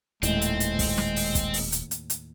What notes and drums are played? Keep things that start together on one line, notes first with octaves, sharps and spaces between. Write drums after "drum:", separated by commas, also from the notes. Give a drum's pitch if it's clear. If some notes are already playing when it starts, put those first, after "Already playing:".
D#1 D#2 A2 G#3 C4, drum: hi-hat
drum: hi-hat
drum: hi-hat
drum: kick, open hi-hat
drum: snare
drum: open hi-hat
drum: kick, hi-hat
drum: open hi-hat
drum: hi-hat
drum: hi-hat
drum: hi-hat